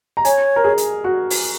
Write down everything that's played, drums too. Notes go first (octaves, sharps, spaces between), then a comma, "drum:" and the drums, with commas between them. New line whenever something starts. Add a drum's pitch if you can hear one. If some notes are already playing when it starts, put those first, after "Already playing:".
A#5
C#5 G#5, drum: hi-hat
A#4
G#4
drum: hi-hat
F#4
drum: open hi-hat